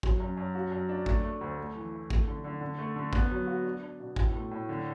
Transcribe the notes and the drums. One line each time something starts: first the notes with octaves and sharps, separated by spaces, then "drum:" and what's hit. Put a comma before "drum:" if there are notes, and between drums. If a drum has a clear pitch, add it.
F#3, drum: kick
F#2
F#2
F#4
F#2
D4
A3, drum: kick
A3
D2
A3
E3
E4
A3, drum: kick
D3
D3
D3
A3
D3
B3, drum: kick
F#3
F#4
D4
D4
B2
A2, drum: kick
A3
A2
D3